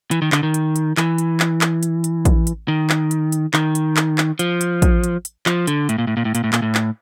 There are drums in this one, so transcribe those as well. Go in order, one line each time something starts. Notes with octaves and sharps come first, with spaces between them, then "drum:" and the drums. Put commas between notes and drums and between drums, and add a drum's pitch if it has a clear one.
E3, drum: hi-hat
D#3
D3, drum: clap
D#3
drum: hi-hat
drum: hi-hat
E3, drum: clap
drum: hi-hat
drum: clap
drum: clap
drum: hi-hat
drum: hi-hat
drum: kick, hi-hat
drum: hi-hat
D#3
drum: clap
drum: hi-hat
drum: hi-hat
D#3, drum: clap
drum: hi-hat
drum: clap
drum: clap
F3, drum: hi-hat
drum: hi-hat
drum: kick, hi-hat
drum: hi-hat
drum: hi-hat
F3, drum: clap
D3, drum: hi-hat
A2, drum: hi-hat
A#2
A2
A#2
A2
A#2, drum: hi-hat
A2
A#2, drum: clap
A2
drum: clap